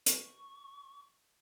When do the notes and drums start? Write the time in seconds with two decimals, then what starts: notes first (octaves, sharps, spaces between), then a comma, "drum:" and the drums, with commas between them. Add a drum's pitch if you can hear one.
0.06 C#6, drum: hi-hat